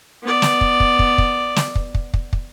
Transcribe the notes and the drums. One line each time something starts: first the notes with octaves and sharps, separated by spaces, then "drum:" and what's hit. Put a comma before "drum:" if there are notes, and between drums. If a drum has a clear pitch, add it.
B3 D5
drum: snare
drum: kick
drum: kick
drum: kick
drum: kick
drum: snare
drum: kick
drum: kick
drum: kick
drum: kick